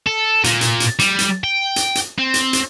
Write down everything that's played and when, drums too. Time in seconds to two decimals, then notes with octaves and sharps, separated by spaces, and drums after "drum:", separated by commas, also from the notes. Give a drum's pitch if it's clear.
0.07 A4
0.44 A#2, drum: hi-hat
0.61 drum: hi-hat
0.80 drum: hi-hat
0.99 G3, drum: hi-hat
1.19 drum: hi-hat
1.44 G5
1.76 drum: hi-hat
1.95 drum: hi-hat
2.18 C4
2.34 drum: hi-hat
2.53 drum: hi-hat